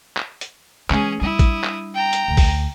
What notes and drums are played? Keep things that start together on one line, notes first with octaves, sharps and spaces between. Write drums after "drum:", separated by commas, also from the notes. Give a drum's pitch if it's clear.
drum: clap
drum: hi-hat
E3 G#3 C#4 G#4, drum: clap
G3 D4 E4 D#6
drum: kick, hi-hat
drum: clap
G5 A#5
drum: hi-hat
D2
drum: kick, open hi-hat